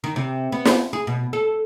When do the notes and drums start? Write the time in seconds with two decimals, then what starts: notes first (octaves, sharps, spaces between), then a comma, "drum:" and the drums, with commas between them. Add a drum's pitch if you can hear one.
0.04 D#3
0.16 C3
0.52 B3
0.65 drum: snare
0.93 G#4
1.07 B2
1.33 A4